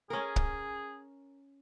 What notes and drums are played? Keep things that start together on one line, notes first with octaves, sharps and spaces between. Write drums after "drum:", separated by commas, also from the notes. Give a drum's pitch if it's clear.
C#4 G#4 A#4
drum: kick